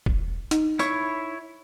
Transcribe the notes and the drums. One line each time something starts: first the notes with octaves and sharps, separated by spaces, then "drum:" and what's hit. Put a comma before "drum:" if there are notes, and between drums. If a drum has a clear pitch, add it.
E1, drum: kick
D#4, drum: hi-hat
E4 C#5 C#6, drum: tambourine